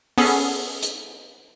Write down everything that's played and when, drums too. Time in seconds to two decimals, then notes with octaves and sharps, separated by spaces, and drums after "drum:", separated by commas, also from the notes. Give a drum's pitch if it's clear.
0.18 B3 C#4 G#4 A4, drum: open hi-hat
0.83 drum: hi-hat